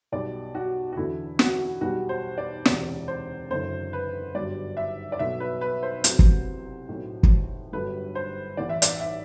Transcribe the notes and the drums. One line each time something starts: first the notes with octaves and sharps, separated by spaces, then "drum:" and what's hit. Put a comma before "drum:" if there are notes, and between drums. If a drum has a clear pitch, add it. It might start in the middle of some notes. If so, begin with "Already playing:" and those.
B1 B2 G3 D5
F#4
F#4
E2 D3 A3 E4
F#4, drum: snare
B1 B2 G3 F#4
C5
D5
E1 D2 C3 E3 D5, drum: snare
C5
F#1 F#2 D3 A3 C5
B4
G1 G2 F#3 D5
E5
D5
B1 B2 F#3 A3 E5
B4
B4
C5
C2 C3 F#3 A3, drum: hi-hat
drum: kick
B1 A2 F#3 A3
drum: kick
G1 G2 F#3 A3 B4
C5
A1 A2 E3 D5
E5
D5, drum: hi-hat
E5